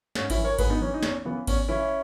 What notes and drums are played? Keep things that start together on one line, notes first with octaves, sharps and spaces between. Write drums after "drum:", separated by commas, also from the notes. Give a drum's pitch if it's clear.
G#2 C#4, drum: snare
C#4 E4, drum: kick G#1, cymbal
E3
A#4 C#5
G#2 G#4 B4, drum: kick G#1, cymbal
B3 D#4
E3 C#4
D#4
E2 C#4, drum: snare
C#3 E3 B3
E2 C#4, drum: kick G#1, cymbal
C#3 E3 C#4 E4